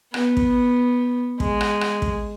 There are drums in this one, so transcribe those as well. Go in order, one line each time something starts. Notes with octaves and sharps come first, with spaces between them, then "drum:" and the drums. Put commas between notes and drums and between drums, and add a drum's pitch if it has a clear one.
B3, drum: rim click
drum: kick
G#3, drum: kick
drum: rim click
drum: rim click
drum: kick